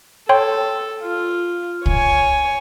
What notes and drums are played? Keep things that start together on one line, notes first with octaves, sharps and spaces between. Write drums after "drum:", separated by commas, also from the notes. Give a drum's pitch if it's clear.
A4 C#5 G5 C6
F4
C#5 G#5, drum: kick